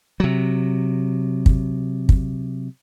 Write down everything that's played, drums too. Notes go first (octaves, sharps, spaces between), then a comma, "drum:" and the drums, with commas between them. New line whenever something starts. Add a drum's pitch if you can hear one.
C3 F#3
drum: kick
drum: kick